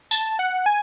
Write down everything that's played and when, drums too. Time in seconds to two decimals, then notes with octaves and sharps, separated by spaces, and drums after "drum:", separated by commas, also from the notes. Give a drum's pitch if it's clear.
0.11 A5, drum: tambourine
0.39 F#5
0.66 G#5